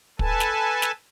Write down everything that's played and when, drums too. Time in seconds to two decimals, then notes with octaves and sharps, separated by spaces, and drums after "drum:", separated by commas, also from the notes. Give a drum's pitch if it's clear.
0.19 A4 B4 G#5 A5, drum: kick
0.40 drum: snare
0.82 drum: snare